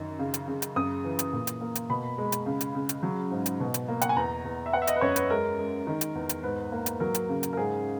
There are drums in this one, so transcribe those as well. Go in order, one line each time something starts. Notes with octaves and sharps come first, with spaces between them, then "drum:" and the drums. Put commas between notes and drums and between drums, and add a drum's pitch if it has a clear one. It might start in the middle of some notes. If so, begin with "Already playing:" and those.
Already playing: F#2 D#3
C#3
drum: hi-hat
C#3
drum: hi-hat
F#2 D#6
E3
drum: hi-hat
A#2
drum: hi-hat
A#3
drum: hi-hat
B2 B5
G#3
drum: hi-hat
C#3
drum: hi-hat
C#3
drum: hi-hat
F#3
G#2
drum: hi-hat
B2
drum: hi-hat
A#3
F#5, drum: hi-hat
G#5
E2 A#5
E2
E5
B3 F#5
E5
D#5, drum: hi-hat
B4
F#2 C#5
B4, drum: hi-hat
G#3 A#4
G#3
D#3
drum: hi-hat
E2
drum: hi-hat
G#2 B4
A#3
drum: hi-hat
F#3 A#4
drum: hi-hat
C#3
drum: hi-hat
A#4
G#2 G#4